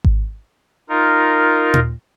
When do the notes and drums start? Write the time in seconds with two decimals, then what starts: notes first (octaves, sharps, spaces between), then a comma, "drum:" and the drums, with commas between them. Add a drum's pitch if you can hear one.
0.04 drum: kick G#1
0.89 D#4 F4 A#4
1.74 drum: tom A#2